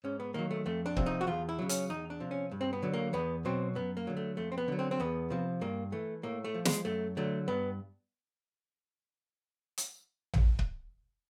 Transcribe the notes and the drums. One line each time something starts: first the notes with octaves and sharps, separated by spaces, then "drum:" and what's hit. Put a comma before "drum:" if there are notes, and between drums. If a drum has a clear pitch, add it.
G#2 C#4
B3
D#3 F#3 A#3
A3
F2 A3
D4
C3 F3, drum: kick C#1
D#4
F#4
E2 F4
E4
C#3 F#3
C#4, drum: hi-hat
E2 D#4
D4
C3 F3
C#4
G2
C4
B3
D3 F#3
A#3
E2 B3
B2 F#3 C4
F#2 B3
A#3
D3 F#3
A3
F2 A3
C4
B3
D3 F#3
C4
C4
E2 B3
C3 F3
G2 A#3
E3 A3
A2 A#3
A3
F3
G#3, drum: snare
F#2 A3
D3 F#3 A3
G2 B3
drum: hi-hat
drum: tom A1
drum: kick C#1